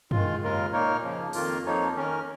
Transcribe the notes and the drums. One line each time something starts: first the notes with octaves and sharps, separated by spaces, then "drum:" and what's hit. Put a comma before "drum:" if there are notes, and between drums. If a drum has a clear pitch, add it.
D#3 G#3 F4, drum: tom F#2
D#2 C#3 G#3 F4 A#4
A#2 A#3 D#4 A#4 C#5
C#3 F3 A#3
F2 D#3 A#3 F4 A#4, drum: open hi-hat
F2 F3 A#3 D#4 C#5
D#3 C#4 A#4